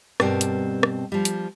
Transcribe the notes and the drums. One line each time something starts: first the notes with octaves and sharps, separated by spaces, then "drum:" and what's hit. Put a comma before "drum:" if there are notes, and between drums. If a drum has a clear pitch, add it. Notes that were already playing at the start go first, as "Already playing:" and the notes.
G2 B2 G3 C4 A#4 D5, drum: rim click
drum: hi-hat
drum: rim click
F3 G3
drum: hi-hat